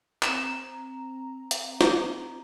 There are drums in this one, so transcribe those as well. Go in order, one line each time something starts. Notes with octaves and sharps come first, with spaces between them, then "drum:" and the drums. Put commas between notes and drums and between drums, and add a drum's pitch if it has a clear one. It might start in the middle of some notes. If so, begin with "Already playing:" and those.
C4 A#5 E7, drum: clap
drum: hi-hat
drum: snare